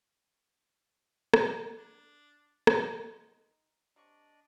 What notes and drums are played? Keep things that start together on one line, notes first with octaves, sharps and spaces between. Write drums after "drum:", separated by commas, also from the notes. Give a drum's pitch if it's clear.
drum: rim click
D4
drum: rim click
D#3 G#3 D#4
C3 D4 D5 D#5 C#6